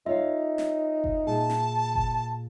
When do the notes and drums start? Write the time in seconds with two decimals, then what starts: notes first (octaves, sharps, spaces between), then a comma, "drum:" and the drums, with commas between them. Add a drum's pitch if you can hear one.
0.06 D#4 F4 C#5 E5 F5
0.58 drum: snare
1.04 drum: kick F#1
1.27 A#2 G#4 A5
1.50 drum: snare
1.95 drum: kick F#1